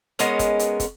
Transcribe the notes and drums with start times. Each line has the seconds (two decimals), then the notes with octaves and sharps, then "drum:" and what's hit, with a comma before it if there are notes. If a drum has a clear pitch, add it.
0.19 G#3 B3 C#4 A#4, drum: hi-hat
0.39 drum: kick, hi-hat
0.59 drum: hi-hat
0.80 drum: kick, hi-hat